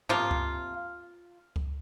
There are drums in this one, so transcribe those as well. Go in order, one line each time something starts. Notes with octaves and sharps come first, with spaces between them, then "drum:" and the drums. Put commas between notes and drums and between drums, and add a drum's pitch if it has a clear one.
C3 F3 A#3 F4, drum: tom G2
drum: kick C#2
drum: kick C#2